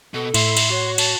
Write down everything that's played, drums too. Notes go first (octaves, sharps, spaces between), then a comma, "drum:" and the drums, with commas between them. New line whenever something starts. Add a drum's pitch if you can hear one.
B2 A4
A2 E4 E5 C6, drum: cymbal
drum: cymbal
F#4 C#5
A5, drum: cymbal